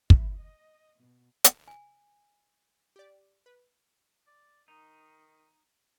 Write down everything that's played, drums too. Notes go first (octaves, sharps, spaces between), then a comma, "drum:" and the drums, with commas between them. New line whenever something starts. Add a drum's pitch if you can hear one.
E4, drum: kick
D#5
B2
drum: hi-hat
G#5
G4 D5
B4
D5
D#3 D#4